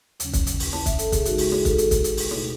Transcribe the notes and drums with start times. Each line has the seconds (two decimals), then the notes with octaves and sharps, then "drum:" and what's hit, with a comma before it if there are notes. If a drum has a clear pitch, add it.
0.20 D#2 C#3 F#3 C#4, drum: hi-hat
0.33 drum: kick, hi-hat
0.47 drum: hi-hat
0.60 drum: open hi-hat
0.73 A5, drum: snare
0.86 E5, drum: kick, hi-hat
0.99 A4, drum: hi-hat
1.12 G#4, drum: kick, hi-hat
1.25 C#3 G#3 D#4 F#4, drum: hi-hat
1.38 F#4, drum: open hi-hat
1.52 G#4, drum: snare
1.65 A4, drum: kick, hi-hat
1.78 A4, drum: hi-hat
1.91 drum: kick, hi-hat
2.04 drum: hi-hat
2.17 drum: open hi-hat
2.31 B2 A3 D#4, drum: snare